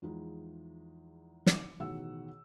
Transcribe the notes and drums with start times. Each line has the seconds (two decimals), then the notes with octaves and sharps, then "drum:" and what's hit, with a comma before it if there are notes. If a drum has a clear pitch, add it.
0.02 E2 F3 G#3 D#4 E4
1.46 D6 C#7, drum: snare
1.79 A1 B2 D#3 G#4 F#5 E6